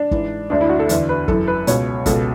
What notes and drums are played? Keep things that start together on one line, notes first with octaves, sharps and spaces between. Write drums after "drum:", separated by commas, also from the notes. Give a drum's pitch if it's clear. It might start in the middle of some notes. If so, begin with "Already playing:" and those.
Already playing: D4
G#2 E3, drum: kick
D2 D3 D4
E4
F#4
A4
E2 D3, drum: hi-hat
B4
F#2 E3 A4, drum: kick
B4
C#2 B2 C#5, drum: hi-hat
C#2 B2 A4, drum: kick, hi-hat